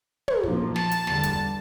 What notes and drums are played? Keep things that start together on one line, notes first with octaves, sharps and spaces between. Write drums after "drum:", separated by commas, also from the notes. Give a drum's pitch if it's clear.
drum: tom
A#2 F3 A#3, drum: kick
A5, drum: snare
drum: hi-hat
E2 D3 G3 A5, drum: snare
drum: kick, hi-hat